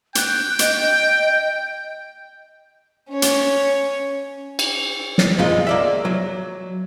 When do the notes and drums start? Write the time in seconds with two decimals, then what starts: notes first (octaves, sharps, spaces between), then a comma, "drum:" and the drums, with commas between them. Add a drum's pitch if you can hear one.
0.15 G5 F#6, drum: hi-hat
0.59 D#5, drum: hi-hat
3.10 C#4 C#5
3.22 drum: hi-hat
4.59 drum: cymbal
5.18 drum: snare
5.38 B1 F#2 G#3 F4 D#5
5.67 A#3 D5 E5
6.05 F#3